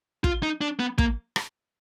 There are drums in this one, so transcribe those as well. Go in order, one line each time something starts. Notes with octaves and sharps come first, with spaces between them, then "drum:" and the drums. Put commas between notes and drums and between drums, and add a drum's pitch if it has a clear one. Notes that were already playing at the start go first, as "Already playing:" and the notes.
F4, drum: kick
D#4
D4
B3
A#3, drum: kick
drum: rim click